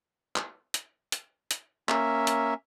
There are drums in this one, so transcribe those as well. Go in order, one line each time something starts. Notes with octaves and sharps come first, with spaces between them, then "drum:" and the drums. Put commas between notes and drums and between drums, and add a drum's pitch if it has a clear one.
drum: clap
drum: hi-hat
drum: hi-hat
drum: hi-hat
A#3 C#4 E5, drum: clap
drum: hi-hat